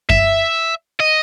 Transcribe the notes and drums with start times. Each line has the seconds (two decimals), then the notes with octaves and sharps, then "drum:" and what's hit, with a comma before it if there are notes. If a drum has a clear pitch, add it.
0.09 E5, drum: kick F#2
1.00 D#5